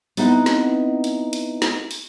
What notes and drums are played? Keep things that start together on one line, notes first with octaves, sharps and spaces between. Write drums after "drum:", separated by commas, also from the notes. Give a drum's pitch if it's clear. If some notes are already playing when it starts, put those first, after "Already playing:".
B3 C4 D#4 E4 B4 D#5, drum: open hi-hat
drum: snare
drum: hi-hat
drum: hi-hat
drum: snare
drum: open hi-hat